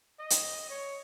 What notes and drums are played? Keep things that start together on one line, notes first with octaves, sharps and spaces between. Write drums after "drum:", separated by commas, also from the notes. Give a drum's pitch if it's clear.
D#5
drum: hi-hat
C#5